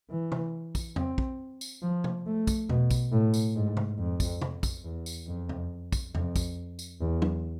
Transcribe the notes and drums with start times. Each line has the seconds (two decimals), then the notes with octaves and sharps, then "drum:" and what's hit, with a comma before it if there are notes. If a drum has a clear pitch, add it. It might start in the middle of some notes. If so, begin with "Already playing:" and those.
0.10 E3
0.32 drum: tom
0.75 drum: kick, tambourine
0.96 C4, drum: tom E2
1.18 drum: kick
1.61 drum: tambourine
1.82 F3
2.04 drum: tom C3
2.26 A3
2.47 drum: kick, tambourine
2.69 B2, drum: tom E2
2.91 drum: kick, tambourine
3.12 A2
3.34 drum: tambourine
3.56 G#2
3.77 drum: tom
3.99 F2
4.20 drum: kick, tambourine
4.42 drum: tom
4.63 drum: kick, tambourine
4.84 E2
5.06 drum: tambourine
5.27 F2
5.49 drum: tom E2
5.92 drum: kick, tambourine
6.15 F2, drum: tom E2
6.36 drum: kick, tambourine
6.79 drum: tambourine
7.00 E2
7.22 drum: tom F#3